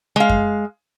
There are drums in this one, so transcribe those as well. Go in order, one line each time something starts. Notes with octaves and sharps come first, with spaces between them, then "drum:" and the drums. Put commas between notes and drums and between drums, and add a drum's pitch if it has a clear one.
G#3 F5
drum: kick F#2